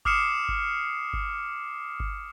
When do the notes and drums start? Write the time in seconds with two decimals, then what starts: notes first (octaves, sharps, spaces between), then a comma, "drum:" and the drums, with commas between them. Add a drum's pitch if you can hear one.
0.05 D6 D#6 F6 C7 C#7 E7, drum: kick G1
0.49 drum: kick G1
1.13 drum: kick G1
2.00 drum: kick G1